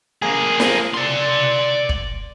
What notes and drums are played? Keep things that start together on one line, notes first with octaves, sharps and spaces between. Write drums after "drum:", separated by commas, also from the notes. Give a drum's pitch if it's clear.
A#3 G#4
drum: snare
D5 C6
drum: kick